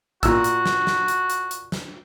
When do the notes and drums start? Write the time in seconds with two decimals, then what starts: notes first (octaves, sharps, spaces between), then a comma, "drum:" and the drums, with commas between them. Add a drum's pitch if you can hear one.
0.23 A#2 F#4 E6, drum: kick, hi-hat
0.44 drum: hi-hat
0.66 drum: snare
0.87 drum: snare
1.08 drum: hi-hat
1.30 drum: hi-hat
1.51 drum: hi-hat
1.72 drum: snare